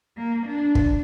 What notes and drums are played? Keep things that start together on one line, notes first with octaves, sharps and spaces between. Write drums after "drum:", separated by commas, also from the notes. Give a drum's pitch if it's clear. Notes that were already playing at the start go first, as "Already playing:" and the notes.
A#3
D4
drum: kick